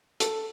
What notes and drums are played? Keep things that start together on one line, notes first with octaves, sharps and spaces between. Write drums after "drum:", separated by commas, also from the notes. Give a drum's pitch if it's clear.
A4, drum: hi-hat